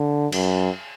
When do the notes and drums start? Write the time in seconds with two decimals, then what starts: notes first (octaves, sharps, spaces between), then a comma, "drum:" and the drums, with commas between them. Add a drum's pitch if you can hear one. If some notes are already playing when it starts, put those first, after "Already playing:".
Already playing: D3
0.32 F#2, drum: cymbal